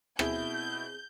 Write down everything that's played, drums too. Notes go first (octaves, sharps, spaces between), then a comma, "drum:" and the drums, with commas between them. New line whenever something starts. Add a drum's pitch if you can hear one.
B2 C4 E4 G#4 G6, drum: rim click